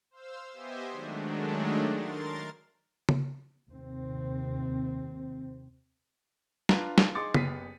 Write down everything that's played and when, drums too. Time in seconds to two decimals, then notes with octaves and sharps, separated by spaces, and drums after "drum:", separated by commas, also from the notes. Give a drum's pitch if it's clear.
0.11 C5 F5 E6
0.52 B3 G4 C5 D#5 E5 G#5
0.91 D#3 F#3 G#3 A3 D4
1.92 A#4 C6 A6
3.09 drum: tom C#3
3.68 D#2 C3 C4
6.69 D4 F4 B4 F5 A5 A#5, drum: snare
6.98 drum: snare
7.15 D#4 G#4 C6 D6 A6 C#7
7.34 F#1 B3 G4 B6 C7 D#7, drum: tom C#3